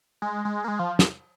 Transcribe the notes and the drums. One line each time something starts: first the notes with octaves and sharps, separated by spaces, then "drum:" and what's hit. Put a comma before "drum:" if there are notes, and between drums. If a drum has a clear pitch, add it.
G#3
G#3
A#3
G#3
F3
drum: snare